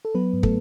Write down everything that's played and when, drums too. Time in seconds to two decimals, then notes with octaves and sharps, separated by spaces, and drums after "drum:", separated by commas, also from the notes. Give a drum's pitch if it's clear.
0.05 A4
0.15 F#3 B3 B4
0.33 G#2
0.43 A3 A4, drum: kick